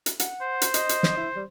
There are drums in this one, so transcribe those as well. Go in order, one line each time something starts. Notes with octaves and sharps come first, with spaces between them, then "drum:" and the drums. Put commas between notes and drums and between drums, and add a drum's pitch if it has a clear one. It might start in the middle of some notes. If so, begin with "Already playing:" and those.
drum: hi-hat
F#5, drum: hi-hat
C5
drum: hi-hat
D#5, drum: hi-hat
drum: hi-hat
drum: snare
E4
G3